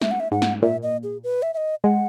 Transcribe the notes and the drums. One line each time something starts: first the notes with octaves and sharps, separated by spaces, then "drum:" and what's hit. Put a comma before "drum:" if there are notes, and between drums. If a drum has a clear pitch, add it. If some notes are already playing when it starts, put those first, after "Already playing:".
E5, drum: snare
F#5
E5
G#2 F#5
drum: snare
A#2 E5
D#5
G#4
B4
E5
E5
D#5
G#3 F#5